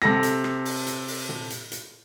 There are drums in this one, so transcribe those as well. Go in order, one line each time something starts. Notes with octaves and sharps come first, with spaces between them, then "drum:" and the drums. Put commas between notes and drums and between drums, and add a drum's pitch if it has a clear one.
C3 A4 A#6, drum: rim click
drum: hi-hat
drum: rim click
drum: open hi-hat
drum: hi-hat
drum: open hi-hat
drum: tom
drum: hi-hat
drum: hi-hat